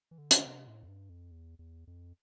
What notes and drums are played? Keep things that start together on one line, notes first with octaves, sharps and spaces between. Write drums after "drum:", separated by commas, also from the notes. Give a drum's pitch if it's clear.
E3
D3
drum: hi-hat
C3
A2
F2
G2
F2
E2
E2
F2